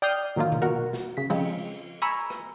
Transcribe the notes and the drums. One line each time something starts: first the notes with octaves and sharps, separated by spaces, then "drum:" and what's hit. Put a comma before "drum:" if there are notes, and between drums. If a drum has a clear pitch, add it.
D5 G5 D#6 F6 G6 C7
A#2 D#3 F#3 A#3 F4
drum: tom B2
B2 F#4 A#4
drum: snare
C#3 B6
C#3 F3 G#3 C4, drum: cymbal
G#5 A#5 B5 C#6 E6
drum: rim click